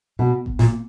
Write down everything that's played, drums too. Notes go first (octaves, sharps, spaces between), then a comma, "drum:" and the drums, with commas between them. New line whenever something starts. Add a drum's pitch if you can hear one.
B2
drum: kick G1
A#2, drum: snare